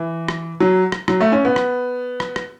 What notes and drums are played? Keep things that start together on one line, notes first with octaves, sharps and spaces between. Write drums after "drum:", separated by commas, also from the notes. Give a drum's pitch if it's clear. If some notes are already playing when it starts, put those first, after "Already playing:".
Already playing: E3
drum: rim click
F#3
drum: rim click
F#3, drum: rim click
A3
C#4
B3
drum: rim click
drum: rim click
drum: rim click